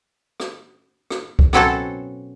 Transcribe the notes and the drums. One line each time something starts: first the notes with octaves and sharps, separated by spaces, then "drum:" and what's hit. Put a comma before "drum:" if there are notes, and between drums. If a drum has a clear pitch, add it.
drum: rim click
drum: rim click
drum: kick C2
B2 F#3 C4 C#4 F#4 A4, drum: rim click